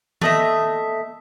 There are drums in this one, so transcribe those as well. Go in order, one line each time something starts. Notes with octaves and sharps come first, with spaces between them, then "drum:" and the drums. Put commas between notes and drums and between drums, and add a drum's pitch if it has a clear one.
A3 D#5 E5, drum: tom D#3